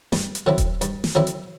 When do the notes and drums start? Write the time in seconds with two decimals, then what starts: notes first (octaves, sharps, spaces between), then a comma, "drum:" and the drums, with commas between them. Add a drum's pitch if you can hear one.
0.12 G2, drum: snare
0.35 drum: hi-hat
0.46 D3 F#3 C4 E4
0.58 drum: kick D#1, hi-hat
0.81 G2, drum: hi-hat
1.04 drum: snare
1.15 D3 F#3 C4 E4
1.27 drum: hi-hat